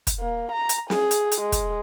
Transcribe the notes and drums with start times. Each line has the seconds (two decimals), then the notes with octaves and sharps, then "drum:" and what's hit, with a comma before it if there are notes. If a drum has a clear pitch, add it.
0.07 drum: kick, hi-hat
0.20 A#3
0.51 A#5
0.69 drum: hi-hat
0.90 G#4, drum: snare
1.11 drum: hi-hat
1.31 drum: hi-hat
1.41 G#3
1.52 drum: kick, hi-hat